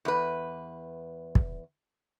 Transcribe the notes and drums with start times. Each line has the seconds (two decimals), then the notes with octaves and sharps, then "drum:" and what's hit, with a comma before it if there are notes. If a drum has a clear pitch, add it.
0.05 E2 B4
1.35 drum: kick